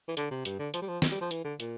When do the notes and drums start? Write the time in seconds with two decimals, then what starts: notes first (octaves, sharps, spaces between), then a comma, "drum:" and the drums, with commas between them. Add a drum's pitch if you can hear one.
0.08 E3
0.17 D3, drum: hi-hat
0.31 C3
0.45 G2, drum: hi-hat
0.59 D3
0.74 F3, drum: hi-hat
0.82 G3
0.88 F3
1.02 drum: snare
1.12 G3
1.21 F3
1.31 E3, drum: hi-hat
1.44 D3
1.60 A#2, drum: hi-hat